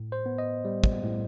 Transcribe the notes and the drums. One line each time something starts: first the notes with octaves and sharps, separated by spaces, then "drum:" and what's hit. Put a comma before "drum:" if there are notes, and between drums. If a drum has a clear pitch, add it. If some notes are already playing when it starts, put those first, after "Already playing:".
Already playing: A2
C5
B3
D#5
G3
drum: kick
A2